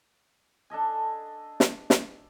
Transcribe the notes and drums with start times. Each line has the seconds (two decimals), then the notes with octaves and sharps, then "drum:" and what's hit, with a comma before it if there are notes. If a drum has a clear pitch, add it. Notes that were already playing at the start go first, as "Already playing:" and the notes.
0.70 D4 A4 D#5 G#5
1.60 drum: snare
1.90 drum: snare